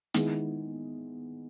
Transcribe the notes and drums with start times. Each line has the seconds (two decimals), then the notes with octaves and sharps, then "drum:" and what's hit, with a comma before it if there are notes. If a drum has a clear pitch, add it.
0.14 D#3 G#3 B3 E4 G#4, drum: hi-hat